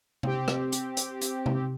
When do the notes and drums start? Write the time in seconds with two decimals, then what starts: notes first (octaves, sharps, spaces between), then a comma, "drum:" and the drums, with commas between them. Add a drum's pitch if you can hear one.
0.23 C4 G4, drum: tom C3
0.48 drum: rim click
0.72 drum: hi-hat
0.97 drum: hi-hat
1.21 drum: hi-hat
1.46 drum: tom C3